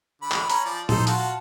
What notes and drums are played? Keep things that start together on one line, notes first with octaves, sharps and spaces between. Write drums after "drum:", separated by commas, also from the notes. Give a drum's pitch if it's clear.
D3 B5
drum: clap
C#4 A#5 B5, drum: hi-hat
F3 D5
D#4 A4 C5, drum: tom A#2
F4 F#4 A5, drum: hi-hat